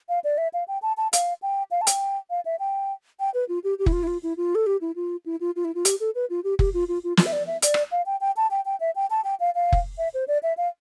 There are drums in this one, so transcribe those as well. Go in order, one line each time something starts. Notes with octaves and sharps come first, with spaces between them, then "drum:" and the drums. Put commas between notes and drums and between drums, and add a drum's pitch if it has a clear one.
F5
D5
E5
F5
G5
A5
A5
F5, drum: hi-hat
G5
F5
A5
G5, drum: hi-hat
F5
E5
G5
G5
B4
F4
G4
G4
E4, drum: kick F1
F4
E4
F4
E4
F4
A4
G4
E4
F4
E4
F4
F4
E4
F4
G4, drum: hi-hat
A4
B4
F4
G4
G4, drum: kick F1
F4
F4
F4
F4, drum: snare
E5
D5
E5
D5, drum: hi-hat
drum: rim click
F5
G5
G5
A5
G5
G5
E5
G5
A5
G5
F5
F5
drum: kick F1
E5
C5
D5
E5
F5